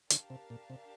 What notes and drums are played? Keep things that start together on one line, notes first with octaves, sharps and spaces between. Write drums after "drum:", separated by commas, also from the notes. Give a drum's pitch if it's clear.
D3 D4 G4 A#4 F5 A5, drum: hi-hat
C3
A#2
C3